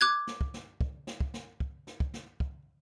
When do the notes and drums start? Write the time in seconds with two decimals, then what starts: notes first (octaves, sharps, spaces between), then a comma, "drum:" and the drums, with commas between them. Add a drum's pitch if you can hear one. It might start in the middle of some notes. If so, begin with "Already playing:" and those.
0.01 D6 F#6 G#6
0.27 drum: snare
0.41 drum: kick
0.54 drum: snare
0.81 drum: kick
1.07 drum: snare
1.20 drum: kick
1.34 drum: snare
1.60 drum: kick
1.87 drum: snare
2.00 drum: kick
2.14 drum: snare
2.40 drum: kick